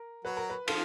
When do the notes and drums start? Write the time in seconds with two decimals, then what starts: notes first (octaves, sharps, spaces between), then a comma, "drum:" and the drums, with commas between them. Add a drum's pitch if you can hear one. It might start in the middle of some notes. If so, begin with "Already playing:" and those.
Already playing: A#4
0.25 F#3 F#4 B4
0.37 A#4
0.50 B4
0.68 F3 F4 A4, drum: cymbal